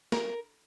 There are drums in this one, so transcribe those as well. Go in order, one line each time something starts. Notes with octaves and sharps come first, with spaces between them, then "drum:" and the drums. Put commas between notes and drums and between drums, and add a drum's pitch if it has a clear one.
A#4, drum: snare